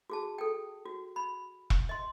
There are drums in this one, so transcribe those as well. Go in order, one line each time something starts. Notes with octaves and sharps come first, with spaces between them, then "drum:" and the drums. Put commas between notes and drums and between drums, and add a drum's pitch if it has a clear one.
F#4 G#4 A5
A4 G5
F#4
B5
drum: kick E1
D#5 C6